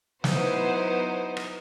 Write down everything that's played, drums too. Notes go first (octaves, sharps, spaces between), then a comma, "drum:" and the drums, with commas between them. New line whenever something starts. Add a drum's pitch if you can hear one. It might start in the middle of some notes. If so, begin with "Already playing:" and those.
F#3 B3 D#4 E4 C5, drum: snare
drum: rim click